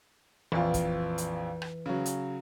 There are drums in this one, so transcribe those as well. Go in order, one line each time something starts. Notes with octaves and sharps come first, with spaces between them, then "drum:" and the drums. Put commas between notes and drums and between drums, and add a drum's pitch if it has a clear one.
A#1 F2 E3 F4
drum: kick, hi-hat
drum: hi-hat
drum: rim click
C#3 F#3
drum: hi-hat